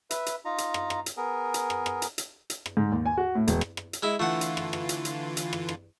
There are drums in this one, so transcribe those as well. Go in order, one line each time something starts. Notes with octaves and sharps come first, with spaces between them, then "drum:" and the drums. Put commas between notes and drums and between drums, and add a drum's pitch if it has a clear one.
B4 E5, drum: hi-hat
drum: hi-hat
D#4 F4 A#5
drum: hi-hat
drum: rim click
drum: rim click
drum: hi-hat
B3 G#4 A#4
drum: hi-hat
drum: rim click
drum: rim click
drum: hi-hat
drum: hi-hat
drum: hi-hat
drum: rim click
G#2
D#2
G#5
F#4
A2
E1, drum: hi-hat
drum: rim click
drum: rim click
drum: hi-hat
G#3 E4
D3 E3 A3 F4 F#5
drum: hi-hat
drum: rim click
drum: rim click
drum: hi-hat
drum: hi-hat
drum: hi-hat
drum: rim click
drum: rim click